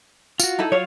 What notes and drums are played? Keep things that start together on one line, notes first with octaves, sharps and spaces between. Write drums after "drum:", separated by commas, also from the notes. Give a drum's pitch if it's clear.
F4 F#4, drum: tambourine
D#4 E4 A4
F#3 F4 C#5 F5